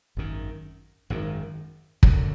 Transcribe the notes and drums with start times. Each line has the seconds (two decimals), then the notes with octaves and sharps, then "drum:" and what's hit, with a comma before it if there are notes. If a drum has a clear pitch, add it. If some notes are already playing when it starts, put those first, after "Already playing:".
0.17 G#1 F#2 D#3
1.10 G#1 F#2 D#3
2.03 F#2 D3 F#3, drum: kick